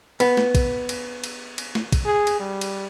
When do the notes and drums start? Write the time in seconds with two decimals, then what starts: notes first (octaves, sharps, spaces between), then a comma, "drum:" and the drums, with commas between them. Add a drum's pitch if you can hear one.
0.20 B3, drum: cymbal
0.37 drum: snare
0.55 drum: kick, cymbal
0.89 drum: cymbal
1.24 drum: cymbal
1.58 drum: cymbal
1.75 drum: snare
1.92 drum: kick, cymbal
2.05 G#4
2.27 drum: cymbal
2.40 G3
2.61 drum: cymbal